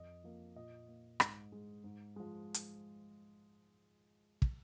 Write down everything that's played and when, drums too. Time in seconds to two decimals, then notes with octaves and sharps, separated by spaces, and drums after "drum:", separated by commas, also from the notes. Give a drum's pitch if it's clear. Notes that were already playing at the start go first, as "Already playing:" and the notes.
Already playing: F2 D#5
0.24 F3 A#3
0.56 A#2 D#5
0.88 A#3
1.20 G#2, drum: rim click
1.52 G#3
1.84 G#2
2.16 F3 G#3
2.54 drum: hi-hat
4.42 drum: kick